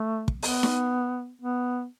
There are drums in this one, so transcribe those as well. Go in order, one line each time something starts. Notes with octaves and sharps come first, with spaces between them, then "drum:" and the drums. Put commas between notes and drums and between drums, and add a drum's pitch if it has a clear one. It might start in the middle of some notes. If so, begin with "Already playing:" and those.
Already playing: A3
drum: kick
B3, drum: open hi-hat
drum: snare D#4
B3